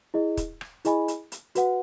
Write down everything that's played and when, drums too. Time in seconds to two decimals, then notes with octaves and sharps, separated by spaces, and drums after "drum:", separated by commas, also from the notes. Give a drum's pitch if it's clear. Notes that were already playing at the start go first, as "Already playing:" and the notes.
0.14 E4 G#4 D#5
0.37 drum: kick, hi-hat
0.61 drum: rim click
0.85 E4 G#4 D#5 G#5 B5, drum: hi-hat
1.08 drum: hi-hat
1.32 drum: hi-hat
1.55 F#4 B4 F#5, drum: hi-hat